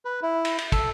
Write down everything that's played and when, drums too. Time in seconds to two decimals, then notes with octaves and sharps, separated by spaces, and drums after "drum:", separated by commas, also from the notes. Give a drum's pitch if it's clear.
0.05 B4
0.22 E4
0.45 drum: cymbal
0.58 drum: cymbal
0.72 A4, drum: kick, cymbal